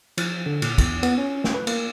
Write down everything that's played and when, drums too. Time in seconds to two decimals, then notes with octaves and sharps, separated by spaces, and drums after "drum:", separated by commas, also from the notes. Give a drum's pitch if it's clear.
0.18 F3, drum: cymbal
0.46 D3
0.62 A#2, drum: cymbal
0.78 E2, drum: kick, cymbal
1.03 B3, drum: cymbal
1.18 C#4
1.44 drum: snare
1.54 B4
1.67 A#3, drum: cymbal